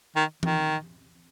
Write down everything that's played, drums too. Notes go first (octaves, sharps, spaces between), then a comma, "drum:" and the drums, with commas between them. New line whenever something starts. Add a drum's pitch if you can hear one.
D#3
D#3, drum: tom E3